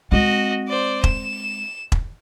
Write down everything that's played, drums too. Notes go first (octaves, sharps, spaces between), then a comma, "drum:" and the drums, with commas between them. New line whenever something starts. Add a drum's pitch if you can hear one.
G#3 C4 F#4 D#5
C5 D5
E7, drum: kick E1
drum: kick E1